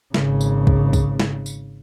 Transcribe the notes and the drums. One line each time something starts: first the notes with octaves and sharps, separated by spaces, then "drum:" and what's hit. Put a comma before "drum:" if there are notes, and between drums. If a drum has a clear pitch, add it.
G#1 C#3, drum: snare
drum: tambourine
drum: kick B1
drum: kick B1, tambourine
drum: snare
drum: tambourine